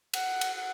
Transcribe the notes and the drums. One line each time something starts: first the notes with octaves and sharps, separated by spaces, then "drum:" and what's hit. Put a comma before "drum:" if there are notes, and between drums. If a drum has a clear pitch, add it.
F#5, drum: cymbal
drum: cymbal
F#5